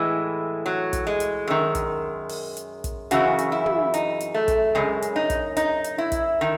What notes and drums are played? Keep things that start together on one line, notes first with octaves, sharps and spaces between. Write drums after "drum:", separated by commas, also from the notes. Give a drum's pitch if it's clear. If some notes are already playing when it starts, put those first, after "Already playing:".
Already playing: A2 E3 G#3
F#3
drum: kick, hi-hat
G#3
drum: hi-hat
F#2 D#3
drum: kick, hi-hat
drum: open hi-hat
drum: hi-hat
drum: kick, hi-hat
F#2 C#3 E3 F#4, drum: hi-hat
drum: hi-hat
E4
drum: tom
D#4, drum: hi-hat
drum: hi-hat
A3
drum: kick, hi-hat
F#2 C#3 G#3
drum: hi-hat
D#4
drum: kick, hi-hat
D#4, drum: hi-hat
drum: hi-hat
E4
drum: kick, hi-hat
D#3